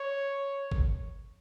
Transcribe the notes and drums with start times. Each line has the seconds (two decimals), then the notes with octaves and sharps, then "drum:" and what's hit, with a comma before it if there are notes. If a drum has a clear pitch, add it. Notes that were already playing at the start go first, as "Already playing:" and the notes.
Already playing: C#5
0.71 drum: kick